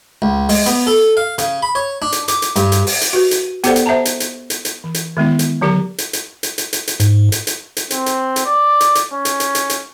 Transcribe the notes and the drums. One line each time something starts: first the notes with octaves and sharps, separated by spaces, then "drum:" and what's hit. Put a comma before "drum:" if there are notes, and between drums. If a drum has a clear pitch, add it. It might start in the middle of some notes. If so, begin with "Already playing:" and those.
C#2
G#3, drum: open hi-hat
B3, drum: hi-hat
A4
F5
C#3, drum: hi-hat
B5
C#5
D4
drum: hi-hat
D6, drum: hi-hat
drum: hi-hat
G2, drum: hi-hat
drum: hi-hat
drum: open hi-hat
drum: hi-hat
F#4 G4 B4
drum: hi-hat
B3 G4 A4 C5 D5 F#5, drum: hi-hat
drum: hi-hat
C5 E5 F#5 A5 A#5
drum: hi-hat
drum: hi-hat
drum: hi-hat
drum: hi-hat
E3
drum: hi-hat
D#3 G#3 B3 E4
drum: hi-hat
D3 F#3 G4 A#4 A#5
drum: hi-hat
drum: hi-hat
drum: hi-hat
drum: hi-hat
drum: hi-hat
drum: hi-hat
G#2, drum: hi-hat
drum: hi-hat
drum: hi-hat
drum: hi-hat
C4, drum: hi-hat
drum: hi-hat
drum: hi-hat
D5
drum: hi-hat
drum: hi-hat
C#4
drum: hi-hat
drum: hi-hat
drum: hi-hat
drum: hi-hat